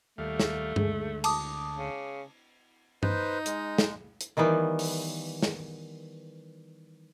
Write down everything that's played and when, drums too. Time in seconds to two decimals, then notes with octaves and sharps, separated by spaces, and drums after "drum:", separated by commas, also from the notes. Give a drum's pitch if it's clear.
0.18 D#2 G3 A3 F5
0.40 drum: snare
0.76 D2 G#3, drum: tom G2
1.24 A5 D6 D#6, drum: cymbal
1.76 C#3
3.03 D#4 B4 C5, drum: tom G2
3.46 G#3, drum: hi-hat
3.78 drum: snare
4.21 drum: hi-hat
4.37 D#3 E3 G3 B3
4.79 drum: open hi-hat
5.43 drum: snare